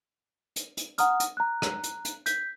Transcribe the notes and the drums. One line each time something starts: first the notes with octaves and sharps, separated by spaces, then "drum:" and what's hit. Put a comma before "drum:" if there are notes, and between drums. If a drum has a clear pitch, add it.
drum: hi-hat
drum: hi-hat
F#5 A#5 D#6 F6, drum: hi-hat
drum: hi-hat
A#5 F#6
drum: rim click
drum: hi-hat
drum: hi-hat
G6 B6, drum: hi-hat